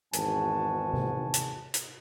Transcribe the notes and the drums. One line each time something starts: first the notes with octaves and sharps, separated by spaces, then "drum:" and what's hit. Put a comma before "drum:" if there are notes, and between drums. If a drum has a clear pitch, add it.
G#1 E2 G#2 F#4 G#5 A5, drum: hi-hat
drum: tom C3
drum: hi-hat
drum: hi-hat